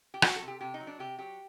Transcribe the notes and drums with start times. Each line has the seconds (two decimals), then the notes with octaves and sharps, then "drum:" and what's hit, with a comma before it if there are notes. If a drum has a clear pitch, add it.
0.14 G4
0.22 F#3 F#4, drum: rim click
0.36 A4
0.42 C3
0.48 G4
0.61 C3 G4
0.74 D#4
0.80 F#3
0.87 D4
0.99 C3 G4
1.19 F#3 G4